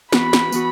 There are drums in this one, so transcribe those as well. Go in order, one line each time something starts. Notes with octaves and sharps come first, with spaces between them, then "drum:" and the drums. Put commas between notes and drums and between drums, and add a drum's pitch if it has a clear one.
E3 B3 F#4 B4 B5, drum: snare
drum: snare
E3 B3 F#4, drum: tambourine